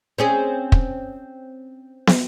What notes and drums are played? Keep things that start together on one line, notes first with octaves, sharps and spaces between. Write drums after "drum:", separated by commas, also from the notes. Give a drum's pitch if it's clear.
C4 C#4 G#4
drum: kick
drum: snare